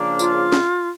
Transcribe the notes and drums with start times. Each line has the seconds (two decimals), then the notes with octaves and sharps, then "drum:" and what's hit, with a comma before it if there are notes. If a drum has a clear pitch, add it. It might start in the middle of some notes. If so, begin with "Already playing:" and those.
Already playing: C#3 F3 A#3 D4
0.19 F4, drum: tambourine
0.52 drum: snare